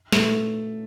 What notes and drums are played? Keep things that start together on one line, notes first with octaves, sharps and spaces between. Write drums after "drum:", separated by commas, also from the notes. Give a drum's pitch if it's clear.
A3, drum: snare